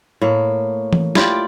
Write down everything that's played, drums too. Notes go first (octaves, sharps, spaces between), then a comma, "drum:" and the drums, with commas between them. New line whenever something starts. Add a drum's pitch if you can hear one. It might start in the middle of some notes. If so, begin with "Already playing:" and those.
A2 A#3
drum: tom E3
E4 F4 G4 D5, drum: snare